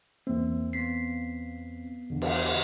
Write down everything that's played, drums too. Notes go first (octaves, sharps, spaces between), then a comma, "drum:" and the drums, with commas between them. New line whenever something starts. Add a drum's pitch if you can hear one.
E2 A#3 C4
B3 B6 C7
E2 D3
drum: cymbal